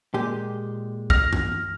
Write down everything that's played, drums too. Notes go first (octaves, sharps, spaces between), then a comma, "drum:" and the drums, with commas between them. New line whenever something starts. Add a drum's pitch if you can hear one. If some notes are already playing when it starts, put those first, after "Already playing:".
A#2 G#3 G4
F6 A#6, drum: kick
drum: tom F#2